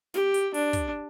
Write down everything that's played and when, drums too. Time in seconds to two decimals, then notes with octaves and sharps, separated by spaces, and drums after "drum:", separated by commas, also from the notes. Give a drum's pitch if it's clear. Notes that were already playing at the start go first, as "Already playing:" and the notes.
0.14 G4, drum: snare
0.34 drum: hi-hat
0.54 D4, drum: open hi-hat
0.73 drum: kick, hi-hat